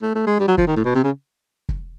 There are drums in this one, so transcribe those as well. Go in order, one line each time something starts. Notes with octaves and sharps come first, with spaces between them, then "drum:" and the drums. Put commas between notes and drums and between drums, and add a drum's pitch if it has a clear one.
A3
A3
G#3
G3
F#3
F3, drum: kick
D#3
A2
B2
C3
C#3
drum: kick